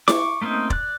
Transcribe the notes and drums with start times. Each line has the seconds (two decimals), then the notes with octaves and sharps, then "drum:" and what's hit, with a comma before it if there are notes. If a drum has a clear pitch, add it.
0.08 C#6 D6, drum: snare E4
0.41 A3 A#3 C4 C#4 D#4
0.70 D5 F#6, drum: kick